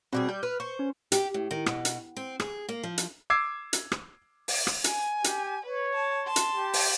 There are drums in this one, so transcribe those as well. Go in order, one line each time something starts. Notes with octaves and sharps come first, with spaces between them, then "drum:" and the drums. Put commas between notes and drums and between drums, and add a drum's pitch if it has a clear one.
B2 G3 C4 G#4
G3 G6
B4 F6
C5 C#6
C#4
G4, drum: hi-hat
A2
D#3
B2, drum: rim click
drum: hi-hat
C4
G#4, drum: rim click
A#3
F3
drum: hi-hat
D6 E6 G#6 C7
drum: hi-hat
drum: rim click
drum: open hi-hat
drum: rim click
G#5, drum: hi-hat
G4, drum: hi-hat
B4 C#5
A5
A5 C6
drum: hi-hat
G4
drum: open hi-hat